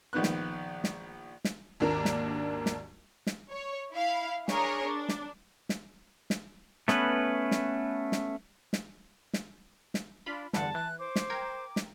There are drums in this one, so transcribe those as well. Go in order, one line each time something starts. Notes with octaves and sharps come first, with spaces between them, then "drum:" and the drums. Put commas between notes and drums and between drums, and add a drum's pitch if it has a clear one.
A#1 D#3 B3 F#6
drum: snare
drum: snare
drum: snare
G#1 D#2 A#3 D4 A#4 A#5
drum: snare
drum: snare
drum: snare
C#5
E4 F5
D4 G#4 A#4 C#5, drum: snare
D4
drum: snare
drum: snare
drum: snare
A3 B3 C#4 A4 B4, drum: snare
drum: snare
drum: snare
drum: snare
drum: snare
drum: snare
D4 F4 B5
E2 G2 D3 F#5 A5, drum: snare
E3 F#6
C5 D6
drum: snare
A#4 G5 G#6
drum: snare